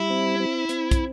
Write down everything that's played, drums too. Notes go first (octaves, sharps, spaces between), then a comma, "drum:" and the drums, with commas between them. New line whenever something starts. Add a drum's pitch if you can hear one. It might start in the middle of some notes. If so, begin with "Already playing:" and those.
Already playing: G3 E4
C4
C4
C4, drum: hi-hat
drum: kick, hi-hat